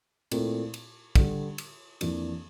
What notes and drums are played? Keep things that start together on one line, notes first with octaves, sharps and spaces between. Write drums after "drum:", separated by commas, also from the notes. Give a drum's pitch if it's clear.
A#2 A3 C4 E4 A#4, drum: cymbal
drum: cymbal
D3 G3 D4 G4, drum: kick, cymbal
drum: cymbal
F2 E3 A#3 D4, drum: cymbal